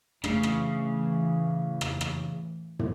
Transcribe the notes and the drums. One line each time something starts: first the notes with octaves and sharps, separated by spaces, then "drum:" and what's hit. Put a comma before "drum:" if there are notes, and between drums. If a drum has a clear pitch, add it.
A2 C#3 E3 A3 D4, drum: rim click
drum: rim click
drum: rim click
drum: rim click
drum: tom